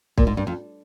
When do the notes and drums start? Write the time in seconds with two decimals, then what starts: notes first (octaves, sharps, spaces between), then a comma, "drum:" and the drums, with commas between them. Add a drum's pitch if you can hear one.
0.18 A#2, drum: kick
0.27 G#2
0.37 G2
0.47 F2